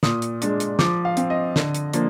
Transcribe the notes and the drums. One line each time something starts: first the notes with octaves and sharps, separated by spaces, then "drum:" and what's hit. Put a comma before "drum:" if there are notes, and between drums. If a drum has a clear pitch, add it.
A#2 D#6, drum: snare
drum: hi-hat
G#3 D4, drum: hi-hat
drum: hi-hat
F3 D6, drum: snare
F5
C4, drum: hi-hat
D#5
D3, drum: snare
drum: hi-hat
F3 A#3 D4, drum: hi-hat